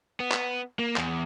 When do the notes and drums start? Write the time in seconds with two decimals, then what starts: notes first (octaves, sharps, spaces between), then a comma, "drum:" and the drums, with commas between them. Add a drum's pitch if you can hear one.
0.20 B3
0.32 drum: clap
0.79 A#3
0.96 E2, drum: clap